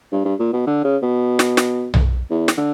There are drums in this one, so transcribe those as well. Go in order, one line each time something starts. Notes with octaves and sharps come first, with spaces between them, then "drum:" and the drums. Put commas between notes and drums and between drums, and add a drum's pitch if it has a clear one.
G2
G2
A#2
B2
D3
C#3
B2
drum: snare
drum: snare
drum: tom B1
E2
drum: snare
D3